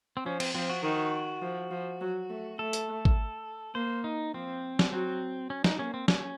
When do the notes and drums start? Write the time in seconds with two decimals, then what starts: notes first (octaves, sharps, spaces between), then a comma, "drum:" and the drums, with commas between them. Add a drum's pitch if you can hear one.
0.17 C4
0.25 F3 C#4
0.40 C4, drum: cymbal
0.54 F3 C4
0.69 F#4
0.83 D#3 F#4
1.42 F3
1.71 F3
2.01 F#3
2.30 A3
2.58 A3 A4
2.73 drum: hi-hat
3.05 drum: kick G#1
3.75 A#3 C5
4.04 D#4
4.34 F3 C4
4.79 drum: snare
4.93 F#3 C4
5.50 C#4
5.64 D#4, drum: snare
5.79 A#3 C#4
5.94 C4
6.08 C#4, drum: snare